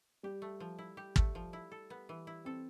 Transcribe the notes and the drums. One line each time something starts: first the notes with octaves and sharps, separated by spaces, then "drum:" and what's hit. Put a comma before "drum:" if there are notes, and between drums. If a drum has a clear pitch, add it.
G3 G4
A3
F3
E4
G4
A3, drum: kick
F3
E4
A4
B3
E3
E4
C4 A4